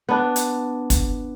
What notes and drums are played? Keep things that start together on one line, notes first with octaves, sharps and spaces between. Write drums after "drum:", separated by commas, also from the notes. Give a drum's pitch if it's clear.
B3 D4
drum: hi-hat
drum: kick, hi-hat